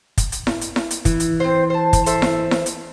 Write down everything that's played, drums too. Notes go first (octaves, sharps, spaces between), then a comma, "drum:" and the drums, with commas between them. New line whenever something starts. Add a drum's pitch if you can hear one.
drum: kick, hi-hat
drum: hi-hat
drum: snare E4
drum: hi-hat
drum: snare E4
drum: hi-hat
E3, drum: kick, hi-hat
drum: hi-hat
C4 C5
C5 A5
drum: kick, hi-hat
A4 C5 E5, drum: hi-hat
drum: snare E4
drum: snare E4
drum: hi-hat